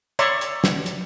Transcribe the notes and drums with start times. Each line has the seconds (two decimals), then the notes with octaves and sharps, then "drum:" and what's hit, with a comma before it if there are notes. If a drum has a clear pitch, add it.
0.19 C#5 D5 E5 A#5 C6 C#6, drum: hi-hat
0.41 drum: hi-hat
0.64 drum: snare
0.86 drum: hi-hat